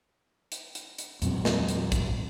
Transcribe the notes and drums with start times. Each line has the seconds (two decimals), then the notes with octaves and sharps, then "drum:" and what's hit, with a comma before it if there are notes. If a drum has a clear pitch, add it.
0.52 drum: hi-hat
0.75 drum: hi-hat
0.98 drum: hi-hat
1.22 E2 A#2 F#3 C4, drum: hi-hat
1.45 drum: snare
1.68 drum: hi-hat
1.92 drum: kick, hi-hat